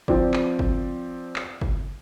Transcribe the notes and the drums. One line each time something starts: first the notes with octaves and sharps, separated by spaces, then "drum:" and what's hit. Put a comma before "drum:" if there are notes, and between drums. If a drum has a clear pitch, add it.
F3 C4 D5, drum: kick
drum: clap
drum: kick
drum: clap
drum: kick